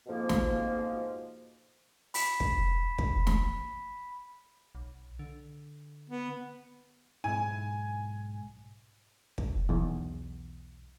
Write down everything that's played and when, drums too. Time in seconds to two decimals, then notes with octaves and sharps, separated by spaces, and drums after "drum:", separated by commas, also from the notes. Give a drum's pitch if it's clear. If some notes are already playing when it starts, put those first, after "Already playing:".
0.06 F2 G#2 B2 F3 A#3
0.29 drum: snare
2.14 B5 B6 E7, drum: open hi-hat
2.40 drum: kick
2.98 drum: kick
3.27 drum: snare
4.75 B1
5.19 D3
6.10 B3
7.24 B1 G#2 E4 G#5
9.38 drum: kick
9.69 B1 E2